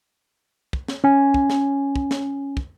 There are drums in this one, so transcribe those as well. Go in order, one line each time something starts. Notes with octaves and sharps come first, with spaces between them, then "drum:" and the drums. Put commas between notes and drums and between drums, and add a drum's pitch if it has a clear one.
drum: kick
drum: snare
C#4 G#5
drum: kick
drum: snare
drum: kick
drum: snare
drum: kick